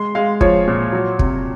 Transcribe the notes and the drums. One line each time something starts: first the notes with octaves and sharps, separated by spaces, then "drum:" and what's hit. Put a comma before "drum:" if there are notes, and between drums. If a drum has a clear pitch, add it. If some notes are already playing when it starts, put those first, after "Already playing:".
Already playing: G#3 C6
G#3 F5
F3 C#5, drum: kick
A#2
F#3
C3, drum: kick